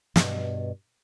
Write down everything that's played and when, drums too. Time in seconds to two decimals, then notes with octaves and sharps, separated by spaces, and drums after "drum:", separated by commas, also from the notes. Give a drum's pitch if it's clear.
0.16 G2 B2, drum: snare